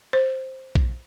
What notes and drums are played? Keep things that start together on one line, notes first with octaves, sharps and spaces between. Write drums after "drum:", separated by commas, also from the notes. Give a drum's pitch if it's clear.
C5
drum: kick A#1